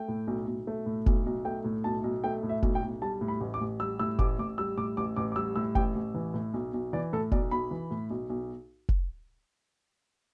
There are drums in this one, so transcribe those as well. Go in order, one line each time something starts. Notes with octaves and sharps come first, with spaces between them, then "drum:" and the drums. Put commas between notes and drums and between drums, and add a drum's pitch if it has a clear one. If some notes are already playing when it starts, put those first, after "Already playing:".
Already playing: A3 G5
A2
B1
B1
A3
A2
B1, drum: kick F1
B1
A3 G5
A2
B1 A5
B1
A3 G5
A2
E5
B1, drum: kick F1
G5
B1
G3 A5
A2
B5
A1
D6
A1
G3 E6
A2 E6
A1 D6, drum: kick F1
A1 D6
G3 E6
A2 D6
A1 D6
A1 D6
D6
G3 E6
A2 E6
A1 G5, drum: kick F1
A1
E3
A2
B1
B1
E3 D5
A2 A4
B1 D5, drum: kick F1
B1 B5
E3
A2
B1
B1
drum: kick F1